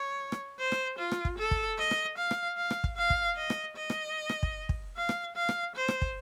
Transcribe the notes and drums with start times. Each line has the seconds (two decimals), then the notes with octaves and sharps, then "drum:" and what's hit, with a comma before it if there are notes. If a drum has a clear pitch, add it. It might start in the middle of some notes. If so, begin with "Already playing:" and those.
Already playing: C#5
0.32 drum: rim click
0.59 C5
0.72 drum: rim click
0.98 F4
1.12 drum: rim click
1.25 drum: kick
1.38 A4
1.51 drum: kick
1.78 D#5
1.91 drum: rim click
2.17 F5
2.31 drum: rim click
2.57 F5
2.70 drum: rim click
2.84 drum: kick
2.97 F5
3.10 drum: kick
3.37 D#5
3.50 drum: rim click
3.76 D#5
3.90 drum: rim click
4.29 drum: rim click
4.43 drum: kick
4.69 drum: kick
4.96 F5
5.09 drum: rim click
5.36 F5
5.49 drum: rim click
5.75 C5
5.88 drum: rim click
6.02 drum: kick